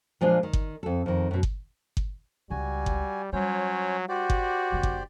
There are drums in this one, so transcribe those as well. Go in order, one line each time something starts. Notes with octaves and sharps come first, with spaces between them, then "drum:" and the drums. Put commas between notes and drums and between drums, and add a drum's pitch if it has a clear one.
A#2 F3 G#3 D4 F5
D#3
drum: kick G1
F2 A4
F2 D#3
F#2 B2
drum: kick G1
drum: kick G1
C#2 C#3 G3 F#4 G#5
drum: kick G1
F#3 G3 C#4 F4 C5 C#5
F#4 G4 C5 D5
drum: kick G1
F#1 D3
drum: kick G1